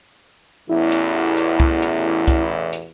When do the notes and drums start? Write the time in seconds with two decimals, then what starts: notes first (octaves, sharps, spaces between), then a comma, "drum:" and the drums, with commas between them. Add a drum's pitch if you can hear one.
0.69 A1 E2 E4
0.92 drum: hi-hat
1.37 drum: hi-hat
1.60 drum: kick C2
1.82 drum: hi-hat
2.28 drum: kick C2, hi-hat
2.73 drum: hi-hat